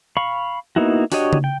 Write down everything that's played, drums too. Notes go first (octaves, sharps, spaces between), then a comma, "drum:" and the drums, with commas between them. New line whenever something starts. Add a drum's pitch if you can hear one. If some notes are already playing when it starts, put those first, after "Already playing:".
F5 B5 C#6
A#3 B3 D#4 E4 F#4
D4 F#4 G4 C#5 D#5, drum: open hi-hat
drum: tom C#3
G5